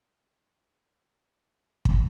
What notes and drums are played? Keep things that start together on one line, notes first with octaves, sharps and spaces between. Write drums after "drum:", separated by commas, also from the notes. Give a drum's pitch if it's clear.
F#1 B2 C#4 D4 F6
B5 B6 D7
F3 D5 B5 D#6
G#3 D#4 G4
drum: kick